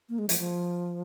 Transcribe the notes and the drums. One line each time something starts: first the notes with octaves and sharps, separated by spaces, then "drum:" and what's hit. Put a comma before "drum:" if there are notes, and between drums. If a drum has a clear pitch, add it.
A#3
G#3
F3, drum: hi-hat
F3